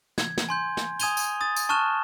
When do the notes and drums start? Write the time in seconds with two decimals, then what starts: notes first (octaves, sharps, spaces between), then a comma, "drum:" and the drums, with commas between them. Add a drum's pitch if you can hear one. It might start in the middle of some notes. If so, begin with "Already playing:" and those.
0.18 G#6, drum: snare
0.38 drum: snare
0.49 G#5 C6 G6
0.77 drum: snare
0.99 G#5 D#6 G#6 D#7 F7 G7, drum: tambourine
1.17 drum: tambourine
1.41 D#6 A6
1.57 drum: tambourine
1.69 A5 C#6 F6 F#6 E7 G7